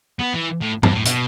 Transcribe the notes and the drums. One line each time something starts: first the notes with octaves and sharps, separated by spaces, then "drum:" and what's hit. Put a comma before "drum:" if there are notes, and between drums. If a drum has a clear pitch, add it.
B3
E3
A2
G2, drum: tom G2
A2
B2, drum: hi-hat